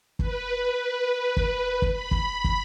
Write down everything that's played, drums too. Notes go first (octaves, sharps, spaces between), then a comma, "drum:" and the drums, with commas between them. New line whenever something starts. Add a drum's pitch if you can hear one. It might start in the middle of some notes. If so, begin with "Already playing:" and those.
B4, drum: kick
drum: kick
drum: kick
B5
drum: kick
drum: kick